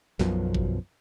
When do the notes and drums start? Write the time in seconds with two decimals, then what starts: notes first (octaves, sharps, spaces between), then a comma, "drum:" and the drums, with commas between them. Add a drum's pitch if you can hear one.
0.19 B1 F#2 B2 F3, drum: snare
0.55 drum: kick G#1